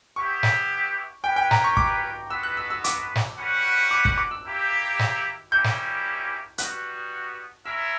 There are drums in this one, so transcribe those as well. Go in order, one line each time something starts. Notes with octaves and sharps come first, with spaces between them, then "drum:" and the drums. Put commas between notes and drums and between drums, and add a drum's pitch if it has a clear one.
B3 E4 G4 C#6
drum: snare
C#4 G4 B4 G5
G5
A#5, drum: snare
C#6
D6, drum: kick
B3 F#4 B4 E6
F#6
E6
E6
D6, drum: hi-hat
drum: snare
G3 C#4 F#4 B4 F#5
D6
F#6, drum: kick
D6
E6
A#3 E4 G4
drum: snare
G3 A#3 C#4 E4 G4 G6
drum: snare
G3 B3 F#4 F#6, drum: hi-hat
C#4 E4 A#4 E5 E6